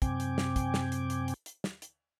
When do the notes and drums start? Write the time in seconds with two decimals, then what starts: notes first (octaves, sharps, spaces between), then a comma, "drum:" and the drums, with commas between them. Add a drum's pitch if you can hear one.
0.02 F#2 C3 C4 G5 G#5 D6, drum: kick, hi-hat
0.20 drum: hi-hat
0.38 drum: snare
0.56 drum: kick, hi-hat
0.74 drum: snare
0.92 drum: hi-hat
1.10 drum: hi-hat
1.28 drum: hi-hat
1.46 drum: hi-hat
1.64 drum: snare
1.82 drum: hi-hat